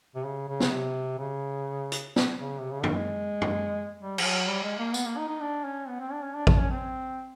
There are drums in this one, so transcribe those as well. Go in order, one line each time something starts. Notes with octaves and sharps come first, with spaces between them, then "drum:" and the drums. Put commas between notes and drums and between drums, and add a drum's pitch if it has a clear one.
C3
C#3
C#3
drum: snare
C3
C#3
drum: hi-hat
drum: snare
C#3
C3
C#3
D#3, drum: tom
G#3
drum: tom
G3
F3, drum: cymbal
F#3
G3
G#3
A#3
B3, drum: tambourine
A#3
D#4
D#4
D4
C#4
B3
C4
D4
C#4
D4
D4, drum: kick A1
C#4
C4